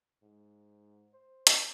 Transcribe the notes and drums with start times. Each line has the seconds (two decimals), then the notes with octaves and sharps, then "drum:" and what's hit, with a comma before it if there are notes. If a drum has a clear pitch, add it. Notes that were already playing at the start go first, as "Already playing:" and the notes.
0.23 G#2
1.14 C5
1.47 drum: hi-hat